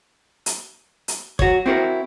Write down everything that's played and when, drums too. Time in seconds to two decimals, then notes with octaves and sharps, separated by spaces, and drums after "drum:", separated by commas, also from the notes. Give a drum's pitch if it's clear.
0.46 drum: hi-hat
1.08 drum: hi-hat
1.39 F#4 C#5, drum: kick
1.66 C4 E4 F#4 A4 A#4